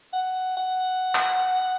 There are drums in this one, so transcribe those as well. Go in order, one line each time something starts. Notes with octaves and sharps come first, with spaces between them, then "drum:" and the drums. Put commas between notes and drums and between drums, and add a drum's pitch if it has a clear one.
F#5
F#5
drum: clap